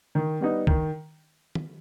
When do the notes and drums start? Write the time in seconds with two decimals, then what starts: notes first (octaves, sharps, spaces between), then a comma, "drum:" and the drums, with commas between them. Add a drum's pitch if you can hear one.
0.15 D#3
0.41 G3 B3 D#4
0.67 D#3, drum: kick C2
1.55 drum: tom